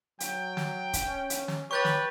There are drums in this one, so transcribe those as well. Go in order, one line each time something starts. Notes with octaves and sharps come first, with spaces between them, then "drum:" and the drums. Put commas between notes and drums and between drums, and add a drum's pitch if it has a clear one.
F#3 G5, drum: hi-hat
drum: snare
drum: kick, hi-hat
C#4
drum: hi-hat
drum: snare
G4 B4 C#5 C#6 G6 A6
drum: snare